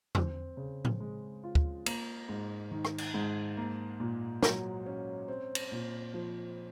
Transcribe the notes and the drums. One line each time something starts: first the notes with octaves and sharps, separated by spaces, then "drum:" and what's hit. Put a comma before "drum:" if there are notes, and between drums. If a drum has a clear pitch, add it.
C4, drum: tom E2
C#3
drum: tom A2
G#3
F4
drum: kick
A#3, drum: cymbal
G#2
D#3
drum: rim click
drum: cymbal
G#2
A#3
A#2
F#3, drum: snare
C#4
C4
drum: cymbal
A#2
F3